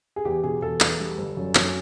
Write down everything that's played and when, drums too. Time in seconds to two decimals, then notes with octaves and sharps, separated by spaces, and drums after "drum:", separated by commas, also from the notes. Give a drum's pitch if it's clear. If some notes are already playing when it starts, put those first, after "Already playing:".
0.16 G#4
0.25 E2 G4
0.43 B2 G#4
0.62 E2 A4
0.80 E2, drum: clap
1.00 G3
1.18 G1
1.37 F#2
1.55 F#2, drum: clap